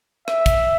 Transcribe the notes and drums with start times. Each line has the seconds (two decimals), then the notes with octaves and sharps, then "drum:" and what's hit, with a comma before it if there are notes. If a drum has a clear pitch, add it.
0.28 E5, drum: rim click
0.46 drum: kick, hi-hat